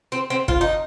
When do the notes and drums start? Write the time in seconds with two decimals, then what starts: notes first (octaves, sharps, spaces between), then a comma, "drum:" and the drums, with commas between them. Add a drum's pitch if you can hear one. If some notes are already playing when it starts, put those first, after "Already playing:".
0.12 C4
0.30 C4
0.48 F4, drum: kick
0.61 D#4